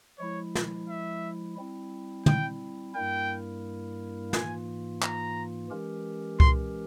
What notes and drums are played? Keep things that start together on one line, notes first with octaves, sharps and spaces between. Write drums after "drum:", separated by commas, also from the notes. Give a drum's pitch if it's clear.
F3 G#3 E4 C#5
drum: snare
E5
G3 C4 E4
G5, drum: tom
G2 G3 A#3 E4 A#4 G5
G#2 E3 A#3 F4 G#5, drum: snare
A#5, drum: clap
E3 G#3 C#4 G4 A#4
C6, drum: kick C2